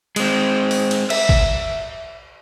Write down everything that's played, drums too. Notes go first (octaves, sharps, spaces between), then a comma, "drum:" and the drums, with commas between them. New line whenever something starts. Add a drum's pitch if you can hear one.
G#3 C4, drum: cymbal
drum: open hi-hat
drum: cymbal
E5, drum: cymbal
drum: kick